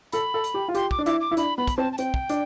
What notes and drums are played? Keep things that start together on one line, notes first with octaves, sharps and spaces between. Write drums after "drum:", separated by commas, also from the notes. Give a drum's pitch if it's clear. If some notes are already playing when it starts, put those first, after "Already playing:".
A4 B5, drum: hi-hat
A4
drum: hi-hat
G4
F4
G4 C6, drum: hi-hat
D6, drum: kick
D4
E4 D6, drum: hi-hat
D6
E4
D4 B5, drum: hi-hat
B3 B5
drum: kick, hi-hat
C4 A5
A5
C4 G5, drum: hi-hat
drum: kick
D4, drum: hi-hat